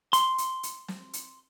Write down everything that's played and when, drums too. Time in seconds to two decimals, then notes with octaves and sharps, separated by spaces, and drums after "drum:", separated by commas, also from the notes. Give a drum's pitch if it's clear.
0.13 C6, drum: hi-hat
0.38 drum: hi-hat
0.63 drum: hi-hat
0.88 drum: snare
1.13 drum: hi-hat